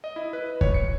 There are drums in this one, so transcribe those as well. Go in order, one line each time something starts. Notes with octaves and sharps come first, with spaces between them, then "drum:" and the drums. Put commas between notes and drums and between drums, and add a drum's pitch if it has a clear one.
D#5
E4
B4
C#5, drum: kick
C#7